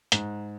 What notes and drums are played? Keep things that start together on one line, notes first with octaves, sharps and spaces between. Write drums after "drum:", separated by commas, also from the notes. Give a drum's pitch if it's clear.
G#2, drum: hi-hat